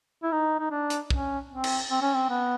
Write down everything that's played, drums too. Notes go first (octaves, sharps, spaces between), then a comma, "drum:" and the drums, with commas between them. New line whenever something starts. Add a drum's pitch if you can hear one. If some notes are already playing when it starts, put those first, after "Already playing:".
E4
D#4
D#4
D4
drum: hi-hat
C#4, drum: kick
C4
drum: cymbal
C4
C#4
C4
B3